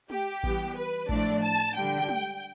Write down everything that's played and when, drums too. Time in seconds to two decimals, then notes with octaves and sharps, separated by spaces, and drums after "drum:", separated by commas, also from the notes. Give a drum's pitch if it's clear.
0.10 G4, drum: tom G#3
0.43 E3 G3 B3, drum: kick A1
0.77 B4
1.09 A2 F3 A3 D4 D5, drum: kick A1
1.42 A5
1.75 D3 G3 D4 G5
2.09 drum: tom G#3